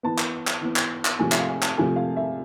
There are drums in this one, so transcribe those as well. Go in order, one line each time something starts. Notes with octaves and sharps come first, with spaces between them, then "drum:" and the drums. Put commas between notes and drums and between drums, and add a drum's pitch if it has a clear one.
E3 B3 A5
drum: clap
drum: clap
E3 B3
drum: clap
drum: clap
C3 F3 A3 G#5
E5, drum: clap
F5
G#5
A5, drum: clap
C3 F3 A3 G#5
F5
E5